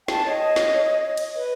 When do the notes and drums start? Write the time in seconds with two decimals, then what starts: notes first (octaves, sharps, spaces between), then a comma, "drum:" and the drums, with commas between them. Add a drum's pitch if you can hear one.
0.08 G5 A5, drum: snare
0.25 C#5 D#5
0.56 drum: snare
1.17 drum: cymbal
1.37 B4